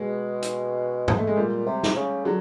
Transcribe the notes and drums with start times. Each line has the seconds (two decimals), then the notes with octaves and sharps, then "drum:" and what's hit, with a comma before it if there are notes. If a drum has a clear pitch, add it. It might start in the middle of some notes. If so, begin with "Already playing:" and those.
Already playing: B2 G#3
0.42 drum: hi-hat
1.08 drum: tom G#2
1.18 A3
1.27 G#3
1.36 A#2 G3
1.66 C3
1.83 drum: snare
1.96 C#3
2.25 D3 F#3